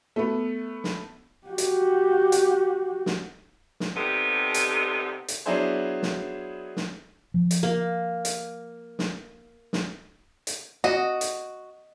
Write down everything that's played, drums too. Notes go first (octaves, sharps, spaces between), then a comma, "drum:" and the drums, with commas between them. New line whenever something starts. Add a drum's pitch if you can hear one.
A3 B3
drum: snare
F#4 G4
drum: hi-hat
drum: hi-hat
drum: snare
drum: snare
C3 G3 B3 D#4 A4
drum: hi-hat
drum: hi-hat
F#3 B3 D4 E4 G#4 C5
drum: snare
drum: snare
F3
drum: hi-hat
A#3
drum: hi-hat
drum: snare
drum: snare
drum: hi-hat
F#4 D#5
drum: hi-hat